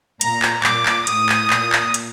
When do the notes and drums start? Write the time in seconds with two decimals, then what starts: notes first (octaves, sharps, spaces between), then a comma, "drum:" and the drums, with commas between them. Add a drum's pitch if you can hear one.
0.21 A#2 A#5, drum: hi-hat
0.42 drum: clap
0.63 A#2 D6, drum: clap
0.86 drum: clap
1.07 A2 D#6, drum: hi-hat
1.29 drum: clap
1.50 A#2, drum: clap
1.73 drum: clap
1.94 drum: hi-hat